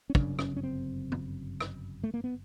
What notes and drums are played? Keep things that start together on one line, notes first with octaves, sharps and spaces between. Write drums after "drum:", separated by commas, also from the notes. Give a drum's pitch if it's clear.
C#4
G1 F#2 C#3 D4, drum: kick
C#4, drum: rim click
C#4
C4
drum: tom
drum: rim click
A3
A#3
B3